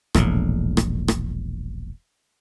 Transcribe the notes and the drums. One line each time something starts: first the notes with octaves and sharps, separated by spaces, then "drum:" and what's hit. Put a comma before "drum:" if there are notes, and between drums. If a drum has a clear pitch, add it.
E1 A#1 A2, drum: rim click
drum: rim click
drum: rim click